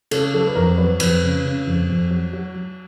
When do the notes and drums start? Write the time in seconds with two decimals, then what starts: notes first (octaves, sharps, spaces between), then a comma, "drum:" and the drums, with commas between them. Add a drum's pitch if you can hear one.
0.11 C#3 A4, drum: cymbal
0.34 F#3 A4
0.47 B4
0.55 F2 A#4
0.78 F#3 B4
1.00 F2 B4, drum: cymbal
1.23 C#3
1.45 C#3
1.67 F2
1.89 F2
2.11 F#3
2.33 F#3
2.55 F#3